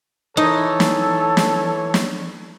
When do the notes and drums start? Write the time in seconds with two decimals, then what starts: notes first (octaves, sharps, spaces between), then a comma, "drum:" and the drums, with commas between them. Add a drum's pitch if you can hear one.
0.37 E3 D#4 A4 C#5
0.80 drum: snare
1.37 drum: snare
1.94 drum: snare